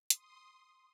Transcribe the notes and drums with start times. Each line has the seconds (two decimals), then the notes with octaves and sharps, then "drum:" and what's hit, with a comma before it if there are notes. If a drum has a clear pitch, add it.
0.10 C6 D#6, drum: hi-hat